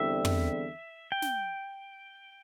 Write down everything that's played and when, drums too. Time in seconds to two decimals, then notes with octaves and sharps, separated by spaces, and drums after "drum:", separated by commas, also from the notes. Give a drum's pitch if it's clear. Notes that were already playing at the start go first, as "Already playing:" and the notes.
Already playing: E2 D3 G3 C4 E5
0.25 drum: tom
1.12 G5
1.22 drum: snare